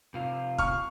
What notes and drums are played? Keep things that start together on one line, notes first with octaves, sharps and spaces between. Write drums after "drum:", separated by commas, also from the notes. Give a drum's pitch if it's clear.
C3 F4
C#6 F6, drum: kick